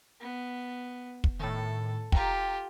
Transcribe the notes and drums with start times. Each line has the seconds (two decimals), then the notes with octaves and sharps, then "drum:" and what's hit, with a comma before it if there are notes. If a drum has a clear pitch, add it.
0.20 B3
1.24 drum: kick
1.40 A2 D#3 A4
2.12 F4 G4 G5 A#5, drum: kick